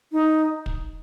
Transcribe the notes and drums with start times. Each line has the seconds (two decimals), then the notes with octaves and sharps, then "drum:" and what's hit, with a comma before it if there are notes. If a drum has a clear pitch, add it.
0.12 D#4
0.66 drum: kick